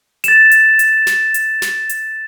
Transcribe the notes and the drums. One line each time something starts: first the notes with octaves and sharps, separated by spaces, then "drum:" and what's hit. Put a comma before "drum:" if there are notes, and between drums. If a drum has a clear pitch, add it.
A6 E7, drum: hi-hat
drum: hi-hat
drum: hi-hat
drum: snare
drum: hi-hat
drum: snare
drum: hi-hat